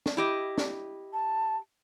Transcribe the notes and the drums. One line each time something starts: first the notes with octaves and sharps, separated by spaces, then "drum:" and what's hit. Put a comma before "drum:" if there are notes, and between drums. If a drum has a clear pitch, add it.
drum: snare
E4 G4 D#5
drum: snare
A5